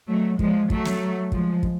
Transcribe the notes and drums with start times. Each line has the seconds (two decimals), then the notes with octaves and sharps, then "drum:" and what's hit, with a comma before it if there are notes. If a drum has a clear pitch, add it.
0.08 F#3 A3
0.39 F3 G#3, drum: kick
0.70 F#3 A3, drum: kick
0.86 drum: snare
1.32 F3 G#3, drum: kick
1.63 drum: kick